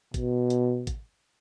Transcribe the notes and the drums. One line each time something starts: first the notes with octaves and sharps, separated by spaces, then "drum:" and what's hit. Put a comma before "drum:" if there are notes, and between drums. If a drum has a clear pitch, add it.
B2, drum: kick A1, hi-hat
drum: hi-hat
drum: kick A1, hi-hat